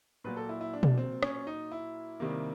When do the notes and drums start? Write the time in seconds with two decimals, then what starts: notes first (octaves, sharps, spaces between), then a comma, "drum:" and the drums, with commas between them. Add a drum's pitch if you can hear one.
0.24 A#2 F#3 A#3 B4
0.37 A4
0.49 E4
0.61 E4
0.73 D4
0.83 drum: tom B2
0.98 C4
1.23 C#4, drum: rim click
1.47 D#4
1.72 E4
2.20 C3 D#3 G3 A#3